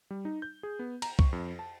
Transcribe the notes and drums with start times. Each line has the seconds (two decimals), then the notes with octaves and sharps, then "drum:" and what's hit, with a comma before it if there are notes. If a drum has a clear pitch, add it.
0.10 G3
0.25 D#4
0.42 G6
0.63 G#4
0.79 B3
1.02 A#5, drum: cymbal
1.19 C#6, drum: kick C2
1.33 F2
1.59 A5